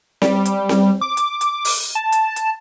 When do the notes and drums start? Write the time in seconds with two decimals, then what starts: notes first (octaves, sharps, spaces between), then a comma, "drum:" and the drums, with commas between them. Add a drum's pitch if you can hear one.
0.22 G3, drum: snare C4
0.45 drum: hi-hat
0.69 drum: snare C4
1.01 D6
1.17 drum: hi-hat
1.41 drum: hi-hat
1.65 drum: open hi-hat
1.95 A5
2.12 drum: hi-hat
2.36 drum: hi-hat